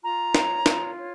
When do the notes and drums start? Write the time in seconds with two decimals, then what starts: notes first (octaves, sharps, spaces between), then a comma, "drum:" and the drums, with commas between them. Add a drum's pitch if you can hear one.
0.03 F4 A#5
0.35 C#5, drum: snare
0.66 F4, drum: snare
0.97 C#5